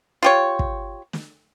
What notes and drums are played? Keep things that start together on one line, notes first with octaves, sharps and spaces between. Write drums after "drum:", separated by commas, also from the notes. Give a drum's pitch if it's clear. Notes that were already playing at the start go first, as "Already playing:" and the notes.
F4 G4 C#5
drum: kick
drum: snare